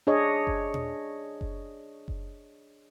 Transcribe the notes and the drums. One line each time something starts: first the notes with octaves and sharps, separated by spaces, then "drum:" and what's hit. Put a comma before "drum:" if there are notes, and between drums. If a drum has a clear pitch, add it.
D4 G#4 C#5 D#5
drum: kick F#1
drum: tom A#2
drum: kick F#1
drum: kick F#1